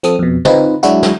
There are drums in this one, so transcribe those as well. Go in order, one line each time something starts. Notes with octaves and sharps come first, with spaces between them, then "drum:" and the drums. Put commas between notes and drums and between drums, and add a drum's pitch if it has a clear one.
F3 C4 A4 D#6, drum: hi-hat
F2 B2
C4 D#4 F4 B4, drum: tom
F#3 G#3 D4 E4 F#4, drum: hi-hat
drum: snare